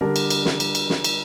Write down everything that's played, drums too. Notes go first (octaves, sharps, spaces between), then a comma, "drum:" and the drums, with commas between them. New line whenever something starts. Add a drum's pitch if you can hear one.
D3 G3 D4 A#4
drum: cymbal
drum: cymbal
drum: snare
drum: cymbal
drum: cymbal
drum: snare
drum: cymbal